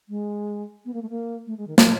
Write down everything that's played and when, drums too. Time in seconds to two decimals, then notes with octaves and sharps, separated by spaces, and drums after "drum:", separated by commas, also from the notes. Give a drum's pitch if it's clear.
0.09 G#3
0.85 B3
0.94 A#3
1.02 A3
1.10 A#3
1.47 A3
1.58 G#3
1.67 D#3
1.78 F#3, drum: snare